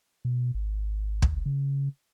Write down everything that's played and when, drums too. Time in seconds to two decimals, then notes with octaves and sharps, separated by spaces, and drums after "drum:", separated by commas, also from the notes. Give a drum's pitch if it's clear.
0.25 B2
0.54 G#1
1.22 drum: kick
1.46 C#3